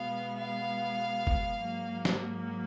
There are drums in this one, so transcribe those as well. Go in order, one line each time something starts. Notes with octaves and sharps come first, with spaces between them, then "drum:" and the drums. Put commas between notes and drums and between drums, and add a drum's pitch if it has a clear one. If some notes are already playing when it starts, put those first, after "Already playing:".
Already playing: B2 G#3 B3 F5
F5
drum: kick F#1
G#2 F#3 A#3
drum: snare